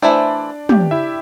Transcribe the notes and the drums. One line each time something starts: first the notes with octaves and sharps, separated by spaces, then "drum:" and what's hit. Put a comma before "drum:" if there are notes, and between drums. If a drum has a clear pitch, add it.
E3 A3 D4 E4 C5 D5
G4 G5, drum: tom
E4 E5